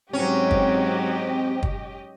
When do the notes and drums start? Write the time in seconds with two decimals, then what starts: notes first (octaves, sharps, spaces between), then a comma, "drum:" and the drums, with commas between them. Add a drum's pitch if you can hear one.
0.13 G#2 F#3 C4 C#4 G4 D#5
0.51 drum: kick
1.63 drum: kick